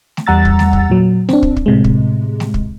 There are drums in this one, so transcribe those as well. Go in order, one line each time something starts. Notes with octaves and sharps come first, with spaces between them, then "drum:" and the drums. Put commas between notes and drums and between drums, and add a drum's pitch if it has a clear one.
drum: snare A3
E2 G3 F#5 A#5 E6 A6
drum: kick
drum: snare A3
drum: kick
A#2 F#3
C4 D4, drum: snare A3
drum: kick
drum: kick
A2 C3 G#3
drum: kick
drum: snare A3
drum: kick